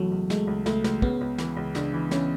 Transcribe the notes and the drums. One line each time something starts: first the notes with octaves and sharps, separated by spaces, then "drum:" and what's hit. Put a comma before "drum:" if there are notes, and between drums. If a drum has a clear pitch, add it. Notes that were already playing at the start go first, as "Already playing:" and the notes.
Already playing: C#2 B2 E3 F#3 A3
C#2
G#3 A3, drum: snare
C#2
C#2 A3, drum: snare
C#2, drum: snare
C#3 B3, drum: kick
C#2
E3, drum: snare
C#2
C#2 D4, drum: snare
E3
E3 C#4, drum: snare